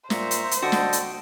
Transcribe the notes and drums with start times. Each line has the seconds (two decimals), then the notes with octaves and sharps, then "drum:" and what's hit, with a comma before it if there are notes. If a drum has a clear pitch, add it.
0.10 A#2 C5 E5 A#5 C#6, drum: snare
0.31 drum: hi-hat
0.51 drum: hi-hat
0.62 D3 F#4 A4 D#5 G5
0.72 drum: snare
0.93 drum: hi-hat